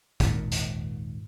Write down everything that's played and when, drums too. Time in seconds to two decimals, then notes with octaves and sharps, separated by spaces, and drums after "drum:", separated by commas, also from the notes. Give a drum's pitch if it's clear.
0.20 G#1 D#2 A#2, drum: kick, hi-hat
0.52 drum: hi-hat